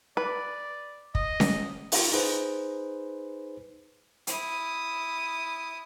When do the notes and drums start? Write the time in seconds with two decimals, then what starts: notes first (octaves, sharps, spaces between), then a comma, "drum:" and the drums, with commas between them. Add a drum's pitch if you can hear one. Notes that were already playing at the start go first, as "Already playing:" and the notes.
0.17 B4 D5
1.15 D#5, drum: kick
1.40 drum: snare C#4
1.92 drum: open hi-hat
2.12 D#4 G#4 B4 C5
4.27 E4 D#6, drum: hi-hat